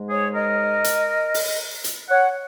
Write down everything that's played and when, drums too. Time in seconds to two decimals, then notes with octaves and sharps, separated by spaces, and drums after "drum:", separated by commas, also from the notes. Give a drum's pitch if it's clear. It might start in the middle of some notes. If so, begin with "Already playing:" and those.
Already playing: G#2 G#3
0.10 G#4 C#5
0.34 A#4 D#5
0.84 drum: hi-hat
1.34 drum: open hi-hat
1.84 drum: hi-hat
2.09 C#5 F#5